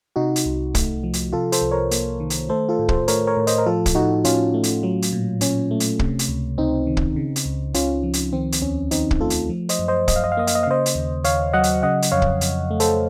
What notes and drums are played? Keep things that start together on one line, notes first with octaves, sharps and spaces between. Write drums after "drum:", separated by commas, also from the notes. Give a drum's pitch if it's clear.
C3 D#4 F#4
drum: hi-hat
C2
A3, drum: kick, hi-hat
F3
drum: hi-hat
C3 F4 A4
A4 C5, drum: hi-hat
C2
A#4 C#5
A#3, drum: hi-hat
D#3
drum: hi-hat
A3 A4 C5
F4 A4
A2
A4 C5, drum: kick
A3 A#4 C#5, drum: hi-hat
A#4 C#5
A2
C5 D#5, drum: hi-hat
A#4
F3 F4 A4
drum: kick, hi-hat
A2 D#4 F#4
A2 C#4 F4, drum: hi-hat
A3
drum: hi-hat
F#3
drum: hi-hat
A#2
A#2 C#4, drum: hi-hat
A3
drum: hi-hat
C3, drum: kick
drum: hi-hat
C#2
C#2 C4 D#4
D#3
drum: kick
C#3
drum: hi-hat
C#2
C#2 C#4 F4, drum: hi-hat
F3
drum: hi-hat
D#3 C4
drum: hi-hat
D#2 C#4
D#2 C4 D#4, drum: hi-hat
drum: kick
A3 F4 A4
drum: hi-hat
F3
C5 D#5, drum: hi-hat
F#2
C5 D#5
F#2 D#5, drum: kick, hi-hat
F5
D#5
F5
A#3 D#5
F5, drum: hi-hat
D#5
F5
C#3 C5 D#5
drum: hi-hat
D#2
D#2 C#5 F5, drum: hi-hat
F#3 D#5 F#5
drum: hi-hat
C#3 D#5 F#5
drum: hi-hat
F2 C#5 F5
drum: kick
F2, drum: hi-hat
A3
A4 C5, drum: hi-hat